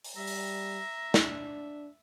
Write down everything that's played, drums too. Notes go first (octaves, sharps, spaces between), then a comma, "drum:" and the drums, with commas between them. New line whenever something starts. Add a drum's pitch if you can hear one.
drum: open hi-hat
G3 E5 A#5
drum: open hi-hat
D4, drum: snare